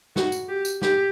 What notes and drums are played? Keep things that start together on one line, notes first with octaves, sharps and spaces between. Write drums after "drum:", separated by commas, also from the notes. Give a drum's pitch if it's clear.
F#4, drum: snare
drum: tambourine
G4
drum: tambourine
G4, drum: snare